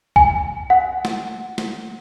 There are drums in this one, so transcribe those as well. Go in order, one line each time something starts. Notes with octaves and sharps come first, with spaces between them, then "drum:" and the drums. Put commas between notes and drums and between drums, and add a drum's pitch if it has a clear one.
G#5, drum: kick B1
F#5
drum: snare
drum: snare